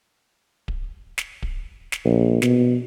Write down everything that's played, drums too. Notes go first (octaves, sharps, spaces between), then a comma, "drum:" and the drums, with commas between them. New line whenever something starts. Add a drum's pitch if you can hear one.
drum: kick D1
drum: snare
drum: kick D1
drum: snare
A#1
B2, drum: snare